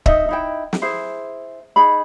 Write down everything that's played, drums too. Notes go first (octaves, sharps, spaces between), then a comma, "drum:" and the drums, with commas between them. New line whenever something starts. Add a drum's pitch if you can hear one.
D#4 D#5 E5, drum: kick
D#4 E4 G5
drum: snare
E4 G#4 C5
D#4 G#4 B5